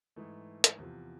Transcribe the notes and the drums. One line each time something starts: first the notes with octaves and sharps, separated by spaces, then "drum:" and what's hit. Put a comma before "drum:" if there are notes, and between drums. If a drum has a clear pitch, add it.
G#2 E3 A3
drum: hi-hat
E2 C3 F3